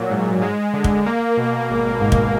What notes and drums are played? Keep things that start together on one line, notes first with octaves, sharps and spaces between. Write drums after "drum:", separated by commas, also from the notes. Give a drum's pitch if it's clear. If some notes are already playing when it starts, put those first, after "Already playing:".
Already playing: A#2 F#3
G#2
G#3
D3
drum: kick
A#3
B2
G#1
G#2
drum: kick